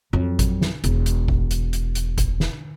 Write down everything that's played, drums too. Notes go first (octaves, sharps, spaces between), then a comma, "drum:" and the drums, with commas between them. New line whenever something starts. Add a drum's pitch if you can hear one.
F2 F#3
drum: kick G#1, hi-hat
drum: snare
E1, drum: hi-hat
drum: hi-hat
drum: kick G#1
drum: hi-hat
drum: hi-hat
drum: hi-hat
drum: kick G#1, hi-hat
drum: snare